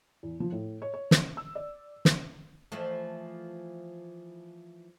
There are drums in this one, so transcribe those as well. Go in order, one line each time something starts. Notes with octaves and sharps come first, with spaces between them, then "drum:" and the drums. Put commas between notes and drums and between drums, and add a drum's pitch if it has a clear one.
E2
F3
A2
C#5
C#5
drum: snare
E6
D5
drum: snare
E3 F3 A3